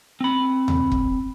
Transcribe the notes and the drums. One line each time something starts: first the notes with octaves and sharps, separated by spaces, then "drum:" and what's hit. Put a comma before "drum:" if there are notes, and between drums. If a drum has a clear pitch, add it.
C4 B5
drum: tom D#2
drum: kick E1